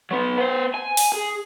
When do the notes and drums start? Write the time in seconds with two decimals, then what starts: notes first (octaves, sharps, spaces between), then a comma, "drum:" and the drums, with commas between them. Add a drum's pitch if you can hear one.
0.11 F#3 B3
0.38 B3 C5
0.74 G#5
0.97 drum: open hi-hat
1.12 G#4